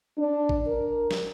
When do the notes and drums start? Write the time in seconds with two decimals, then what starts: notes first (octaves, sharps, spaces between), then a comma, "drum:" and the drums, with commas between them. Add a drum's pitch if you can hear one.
0.19 D4
0.49 drum: kick G#1
0.67 A#4
1.11 drum: snare